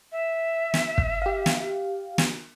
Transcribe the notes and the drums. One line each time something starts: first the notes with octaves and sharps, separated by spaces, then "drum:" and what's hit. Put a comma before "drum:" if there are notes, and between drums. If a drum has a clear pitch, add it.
E5
drum: snare
drum: kick
G4 F5
drum: snare
drum: snare